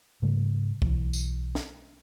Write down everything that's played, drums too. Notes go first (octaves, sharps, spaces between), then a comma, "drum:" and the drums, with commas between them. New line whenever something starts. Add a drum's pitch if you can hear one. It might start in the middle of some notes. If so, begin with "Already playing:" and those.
G#2 C#3 G3 A3
B1 E3, drum: kick C#2
drum: tambourine
drum: snare